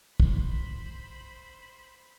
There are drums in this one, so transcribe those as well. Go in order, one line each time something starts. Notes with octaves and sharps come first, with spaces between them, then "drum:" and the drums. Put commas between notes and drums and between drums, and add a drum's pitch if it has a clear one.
C5 B5, drum: kick